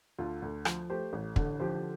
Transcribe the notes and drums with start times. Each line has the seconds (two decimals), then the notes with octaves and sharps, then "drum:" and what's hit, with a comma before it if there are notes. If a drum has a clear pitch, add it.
0.18 D2 F4 A4
0.42 D2
0.65 F3, drum: rim click
0.90 A3 G4 C5
1.13 A1
1.36 D3, drum: kick
1.60 F3 G4 C5